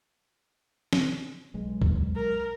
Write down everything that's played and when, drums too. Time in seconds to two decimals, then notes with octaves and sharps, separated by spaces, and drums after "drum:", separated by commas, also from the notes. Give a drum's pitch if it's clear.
0.93 drum: snare
1.54 B1 G#3
1.82 drum: kick
2.16 A#4